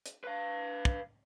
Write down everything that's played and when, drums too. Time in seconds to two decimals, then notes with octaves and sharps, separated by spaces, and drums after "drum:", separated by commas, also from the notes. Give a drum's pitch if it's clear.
0.06 drum: hi-hat
0.24 B4 F5
0.85 drum: kick